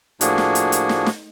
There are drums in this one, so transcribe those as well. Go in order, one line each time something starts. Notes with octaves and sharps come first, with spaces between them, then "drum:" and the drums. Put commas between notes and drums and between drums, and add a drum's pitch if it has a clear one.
A2 F3 A#3 D4 F#4 G#4, drum: hi-hat
drum: snare
drum: hi-hat
drum: hi-hat
drum: snare
drum: snare